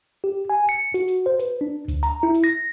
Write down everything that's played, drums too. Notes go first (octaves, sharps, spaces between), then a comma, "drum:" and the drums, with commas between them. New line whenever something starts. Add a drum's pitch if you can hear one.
G4
G#5
C#7
F#4, drum: hi-hat
drum: hi-hat
C5
B4, drum: hi-hat
D4
D2, drum: hi-hat
A#5, drum: hi-hat
E4
drum: hi-hat
A#6